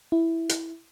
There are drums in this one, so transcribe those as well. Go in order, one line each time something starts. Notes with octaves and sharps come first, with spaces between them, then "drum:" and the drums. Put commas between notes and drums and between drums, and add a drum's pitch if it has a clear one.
E4
drum: hi-hat